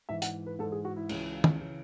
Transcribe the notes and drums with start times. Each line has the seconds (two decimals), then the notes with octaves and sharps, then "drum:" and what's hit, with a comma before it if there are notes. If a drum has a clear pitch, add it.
0.09 G#2 E3 E5
0.22 F#5, drum: hi-hat
0.46 B4
0.59 G#2 E3 A4
0.72 G#4
0.85 F#4
0.96 E4
1.09 C#2 C#3 E3, drum: cymbal
1.44 drum: tom
1.60 C#3 E3